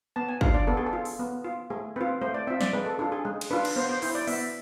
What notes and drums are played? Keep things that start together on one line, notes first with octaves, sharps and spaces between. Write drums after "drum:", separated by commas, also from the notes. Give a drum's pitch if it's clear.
B3 A5
G#5
D4 F4 F5, drum: kick
D5
B3 A4
G#4
A4
F4
drum: open hi-hat
B3
F4
A3 G#4
C4 F4 B4
A3 C5
D5
C4 F4 E5
D5, drum: snare
G#3 B4
A4
D4 F4 A4
G#4
G#3
drum: cymbal
D4 F4 B4
drum: cymbal
B3 C5
C5
E4 C5, drum: open hi-hat
D5
B3 E5, drum: open hi-hat